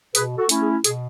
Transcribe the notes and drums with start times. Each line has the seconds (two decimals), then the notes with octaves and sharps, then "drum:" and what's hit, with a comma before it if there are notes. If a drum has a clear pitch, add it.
0.15 B2 G#4 B4, drum: hi-hat
0.38 F#4 A4
0.49 A3 C#4 E4, drum: hi-hat
0.61 G#4
0.84 B2 G#4, drum: hi-hat